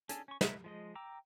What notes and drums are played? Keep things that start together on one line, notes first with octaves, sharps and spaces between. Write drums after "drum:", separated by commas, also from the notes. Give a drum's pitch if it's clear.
C#4 D4 G#4 A4, drum: hi-hat
C#4 C#6
E4 B4 D#5 E5, drum: snare
F3 G#3 D#5
G5 A#5 D6 E6